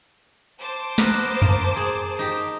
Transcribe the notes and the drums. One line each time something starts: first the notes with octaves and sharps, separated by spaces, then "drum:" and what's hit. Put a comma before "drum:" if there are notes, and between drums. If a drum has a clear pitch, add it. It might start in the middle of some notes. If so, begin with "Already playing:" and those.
C5 A5 D6
B3 A#4 B4, drum: snare
A#3, drum: tom F2
G#4
D#4 G4